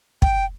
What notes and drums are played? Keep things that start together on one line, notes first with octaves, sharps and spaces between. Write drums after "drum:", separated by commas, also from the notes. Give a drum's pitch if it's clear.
G5, drum: kick